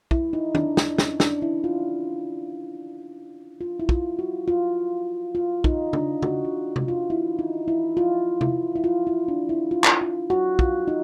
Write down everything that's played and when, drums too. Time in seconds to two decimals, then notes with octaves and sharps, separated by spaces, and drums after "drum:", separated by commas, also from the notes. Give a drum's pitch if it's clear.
0.11 E4, drum: kick
0.33 D#4
0.55 D4, drum: tom
0.77 drum: snare
0.98 C#4, drum: snare
1.20 D4, drum: snare
1.42 E4
1.64 F4
3.61 F4
3.80 E4
3.89 F4, drum: kick
4.19 F#4
4.48 F4
5.35 F4
5.64 D#4, drum: kick
5.93 D4, drum: tom
6.22 F#4, drum: tom
6.45 F4
6.76 drum: tom C3
6.88 F4
7.10 E4
7.39 D#4
7.68 E4
7.97 F4
8.41 E4, drum: tom C3
8.76 E4
8.84 F4
9.07 E4
9.28 D4
9.49 E4
9.71 F4
9.84 drum: clap
10.01 F4
10.30 F#4
10.59 F4, drum: kick
10.88 D#4